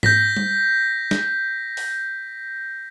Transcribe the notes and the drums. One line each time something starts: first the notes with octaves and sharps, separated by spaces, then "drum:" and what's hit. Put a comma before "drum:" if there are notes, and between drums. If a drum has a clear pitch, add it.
G6 A#6 B6, drum: tom G#2
drum: tom G3
drum: snare
drum: open hi-hat